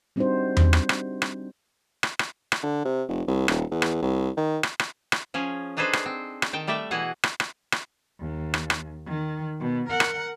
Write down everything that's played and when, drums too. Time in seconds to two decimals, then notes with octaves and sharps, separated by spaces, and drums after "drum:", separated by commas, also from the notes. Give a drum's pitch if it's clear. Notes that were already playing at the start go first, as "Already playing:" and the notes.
0.16 G3 C4 D4 D#4 F#4 C5
0.57 drum: tom E2
0.73 drum: rim click
0.89 drum: rim click
1.22 drum: rim click
2.03 drum: rim click
2.19 drum: rim click
2.52 drum: rim click
2.63 D3
2.85 C3
3.09 F1
3.28 C2
3.48 D#1, drum: rim click
3.71 E2
3.82 drum: rim click
4.02 C2
4.37 D#3
4.63 drum: rim click
4.79 drum: rim click
5.12 drum: rim click
5.34 F3 C#4 G#4
5.77 D4 D#4 G#4 A4 B4 C5
5.93 drum: rim click
6.06 C4
6.42 drum: rim click
6.53 D#3 G5 A5
6.67 G3 A3 D5 E5 G5
6.91 B2 E3 E4 F#4 G#4 F#5
7.23 drum: rim click
7.40 drum: rim click
7.72 drum: rim click
8.20 D#2
8.54 drum: rim click
8.70 drum: rim click
9.06 D#3
9.60 B2
9.89 A#4 F#5
10.00 drum: rim click